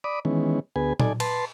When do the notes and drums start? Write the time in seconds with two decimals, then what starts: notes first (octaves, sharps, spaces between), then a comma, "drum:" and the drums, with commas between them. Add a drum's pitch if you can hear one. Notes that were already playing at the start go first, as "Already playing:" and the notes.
0.04 D5 B5 D6 D#6
0.25 D#3 E3 G#3 B3 C#4
0.76 D2 B3 G#4 B4 G#5
1.00 D#4 A4 D5 G#5, drum: tom A#2
1.20 B4 A5 C6, drum: cymbal